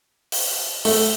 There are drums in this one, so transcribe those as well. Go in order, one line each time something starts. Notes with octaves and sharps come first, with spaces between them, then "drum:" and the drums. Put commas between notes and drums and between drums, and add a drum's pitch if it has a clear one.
drum: open hi-hat
A3, drum: open hi-hat